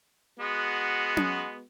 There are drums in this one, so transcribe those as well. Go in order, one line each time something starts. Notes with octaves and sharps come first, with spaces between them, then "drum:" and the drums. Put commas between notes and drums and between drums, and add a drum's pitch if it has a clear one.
G#3 B3 F#4
drum: tom C#4